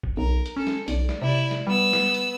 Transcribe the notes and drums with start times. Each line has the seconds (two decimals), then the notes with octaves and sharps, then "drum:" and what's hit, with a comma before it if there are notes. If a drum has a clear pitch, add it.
0.03 drum: kick
0.17 B1 A#4
0.46 drum: hi-hat
0.57 C#4 A4
0.67 drum: snare
0.88 B1 D5, drum: hi-hat
1.09 drum: snare
1.22 C3 E4 D5
1.51 drum: snare
1.67 G3 B3 E6
1.93 drum: snare
2.14 drum: hi-hat